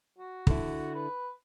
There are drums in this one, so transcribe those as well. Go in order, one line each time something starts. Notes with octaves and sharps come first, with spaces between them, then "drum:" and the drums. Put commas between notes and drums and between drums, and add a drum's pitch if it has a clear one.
F#4
D3 E4, drum: kick
B4